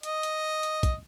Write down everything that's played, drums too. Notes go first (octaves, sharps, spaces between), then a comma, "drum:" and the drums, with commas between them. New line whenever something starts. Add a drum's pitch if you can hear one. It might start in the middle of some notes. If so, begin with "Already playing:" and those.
D#5, drum: hi-hat
drum: hi-hat
drum: hi-hat
drum: kick, hi-hat